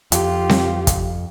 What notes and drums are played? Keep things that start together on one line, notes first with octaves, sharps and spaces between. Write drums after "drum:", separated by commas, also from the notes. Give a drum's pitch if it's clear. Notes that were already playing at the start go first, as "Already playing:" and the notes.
F2 F4 G4, drum: hi-hat
drum: snare C4
drum: kick, hi-hat